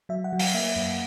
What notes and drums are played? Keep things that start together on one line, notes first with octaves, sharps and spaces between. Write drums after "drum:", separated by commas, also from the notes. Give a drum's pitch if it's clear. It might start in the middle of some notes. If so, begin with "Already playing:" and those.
F#3 E5
F#5
F#3
F5, drum: open hi-hat
A#3 E5
F#2